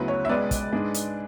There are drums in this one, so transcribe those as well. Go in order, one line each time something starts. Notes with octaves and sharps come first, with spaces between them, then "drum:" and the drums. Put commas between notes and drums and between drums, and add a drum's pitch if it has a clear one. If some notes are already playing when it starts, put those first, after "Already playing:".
Already playing: D2 C#3 F#3 B3 E4 B4
C#5
E5
C#2 B2 G#3 B4 D5
drum: kick, hi-hat
G#2 G#3 D4
drum: hi-hat